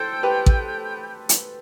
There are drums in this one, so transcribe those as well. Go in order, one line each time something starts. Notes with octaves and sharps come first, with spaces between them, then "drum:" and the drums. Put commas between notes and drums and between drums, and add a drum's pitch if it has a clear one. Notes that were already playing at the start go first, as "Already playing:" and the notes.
Already playing: A4 C5 G5
G4 B4
drum: kick A1
drum: hi-hat